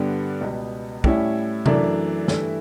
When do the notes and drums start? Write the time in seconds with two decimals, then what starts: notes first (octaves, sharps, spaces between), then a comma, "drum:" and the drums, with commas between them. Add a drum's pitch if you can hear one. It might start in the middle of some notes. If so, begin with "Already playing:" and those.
Already playing: G2 D3 G3 B3 D4
0.41 C#2 B2 G3 B3
1.04 A2 G3 C#4 E4, drum: kick
1.66 F#2 E3 A3 D4, drum: tom C3
2.28 G2 E3 A3 E4, drum: snare